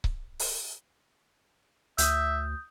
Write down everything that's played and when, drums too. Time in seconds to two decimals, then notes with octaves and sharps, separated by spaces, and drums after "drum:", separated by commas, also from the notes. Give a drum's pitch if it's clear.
0.04 drum: kick C#1
0.39 drum: open hi-hat
1.98 D2 E5 D#6 G6, drum: hi-hat